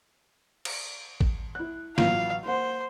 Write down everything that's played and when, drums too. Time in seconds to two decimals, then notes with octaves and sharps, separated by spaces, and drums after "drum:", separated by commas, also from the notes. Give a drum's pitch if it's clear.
0.65 drum: cymbal
1.21 drum: kick
1.55 E4 F#6
1.98 A1 F#3 F4 F5, drum: snare
2.46 A#3 C5 F#5